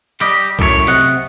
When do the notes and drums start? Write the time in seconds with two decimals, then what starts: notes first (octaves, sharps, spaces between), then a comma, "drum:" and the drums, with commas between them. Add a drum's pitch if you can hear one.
0.21 G3 G4 D#5, drum: clap
0.59 F#2 A2 A4 C#5, drum: kick C2
0.87 C3 D#5 F#5, drum: hi-hat